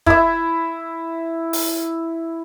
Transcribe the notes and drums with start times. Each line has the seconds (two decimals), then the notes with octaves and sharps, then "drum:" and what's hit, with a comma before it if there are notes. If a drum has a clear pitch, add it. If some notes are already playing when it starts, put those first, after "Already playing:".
0.06 E4 E5, drum: kick
1.53 drum: open hi-hat